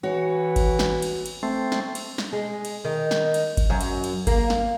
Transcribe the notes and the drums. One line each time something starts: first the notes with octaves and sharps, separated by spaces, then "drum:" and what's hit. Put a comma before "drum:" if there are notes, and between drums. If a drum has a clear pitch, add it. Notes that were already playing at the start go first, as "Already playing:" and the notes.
E3 F#4 C#5
drum: kick G1, cymbal
drum: snare
drum: cymbal
drum: cymbal
A3 C4
drum: snare
drum: cymbal
drum: snare
G#3
drum: cymbal
D#3
drum: snare
drum: cymbal
drum: kick G1, cymbal
F#2
drum: cymbal
drum: cymbal
A#3, drum: kick G1, cymbal
drum: snare